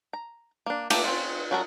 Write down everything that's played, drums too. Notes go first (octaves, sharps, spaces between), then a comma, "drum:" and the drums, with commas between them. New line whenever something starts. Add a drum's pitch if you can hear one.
A#5
A#3 D4
A3 A#3 G4, drum: cymbal
C4 C#4 F4
F#3 C#4 F#4 A4 A#4